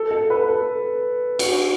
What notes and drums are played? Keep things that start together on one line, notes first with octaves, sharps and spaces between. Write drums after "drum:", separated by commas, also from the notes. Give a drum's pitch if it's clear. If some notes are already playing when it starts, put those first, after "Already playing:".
Already playing: A4
A4
B4
A4
F#4, drum: cymbal